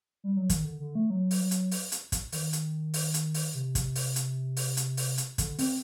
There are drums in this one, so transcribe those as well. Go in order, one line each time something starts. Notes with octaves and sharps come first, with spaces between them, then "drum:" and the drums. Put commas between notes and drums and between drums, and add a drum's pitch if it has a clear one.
G3
F#3
D#3, drum: kick, hi-hat
D3
D3
A3
F#3
drum: open hi-hat
F#3
drum: hi-hat
drum: open hi-hat
drum: hi-hat
drum: kick, hi-hat
D#3, drum: open hi-hat
drum: hi-hat
drum: open hi-hat
drum: hi-hat
drum: open hi-hat
C3
drum: kick, hi-hat
drum: open hi-hat
drum: hi-hat
drum: open hi-hat
drum: hi-hat
drum: open hi-hat
drum: hi-hat
D3, drum: kick, hi-hat
C4, drum: open hi-hat